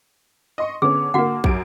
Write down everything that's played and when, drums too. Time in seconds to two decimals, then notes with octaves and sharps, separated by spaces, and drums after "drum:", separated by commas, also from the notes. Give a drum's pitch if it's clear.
0.58 D#5 C6 C#6
0.82 D3 B3 C#4 G#4 D6
1.14 D3 A#3 F#4 F#5
1.44 F#2 G4 D7, drum: kick